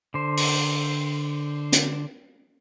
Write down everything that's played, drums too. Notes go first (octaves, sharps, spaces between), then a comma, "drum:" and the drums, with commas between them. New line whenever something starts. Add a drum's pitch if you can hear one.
D3 C5
drum: open hi-hat
drum: hi-hat